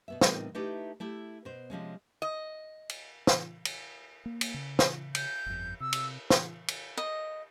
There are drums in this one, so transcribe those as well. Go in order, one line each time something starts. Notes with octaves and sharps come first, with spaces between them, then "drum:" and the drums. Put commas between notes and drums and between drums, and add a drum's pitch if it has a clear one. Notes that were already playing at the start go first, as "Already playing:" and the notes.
B2 B3 E5
A2 G3 B3 C4 D#4 A#4, drum: snare
A3 D#4 E4 G4 A4 B4
A3 E4 G4
B2 C5
C3 F3 G#3 C#4
D#5
drum: cymbal
drum: snare
drum: cymbal
A#3
drum: cymbal
C#3
drum: snare
G6, drum: cymbal
G1 F2
C3 E6
drum: cymbal
drum: snare
drum: cymbal
D#5